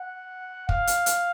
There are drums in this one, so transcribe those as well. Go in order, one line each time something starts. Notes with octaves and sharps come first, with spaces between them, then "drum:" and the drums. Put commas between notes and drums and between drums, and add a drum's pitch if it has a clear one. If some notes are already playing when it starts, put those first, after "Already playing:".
Already playing: F#5
F5, drum: kick
drum: hi-hat
drum: hi-hat